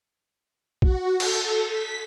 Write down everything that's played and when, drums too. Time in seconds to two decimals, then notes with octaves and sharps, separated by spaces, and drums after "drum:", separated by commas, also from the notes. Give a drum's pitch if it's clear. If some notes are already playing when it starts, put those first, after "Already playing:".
0.82 F#4, drum: kick A#1
1.20 A4, drum: cymbal
1.69 B6